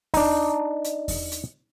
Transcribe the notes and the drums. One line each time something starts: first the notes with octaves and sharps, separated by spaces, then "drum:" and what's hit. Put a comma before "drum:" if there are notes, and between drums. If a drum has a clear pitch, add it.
D4 D#4, drum: kick E2, open hi-hat
drum: hi-hat
drum: kick E2, open hi-hat
drum: hi-hat